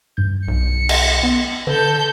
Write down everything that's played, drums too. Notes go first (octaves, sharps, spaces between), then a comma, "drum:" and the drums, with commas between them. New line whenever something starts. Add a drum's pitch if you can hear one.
G2 G6
B1 C#7
drum: cymbal
B3
D3 A4 B4 G6